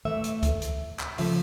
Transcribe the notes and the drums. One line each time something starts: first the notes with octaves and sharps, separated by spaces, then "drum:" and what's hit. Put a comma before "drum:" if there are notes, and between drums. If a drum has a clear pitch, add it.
A2 E3 A3 E5
drum: hi-hat
drum: kick C#2, hi-hat
drum: hi-hat
drum: clap
C#3 F3 A3 E5, drum: open hi-hat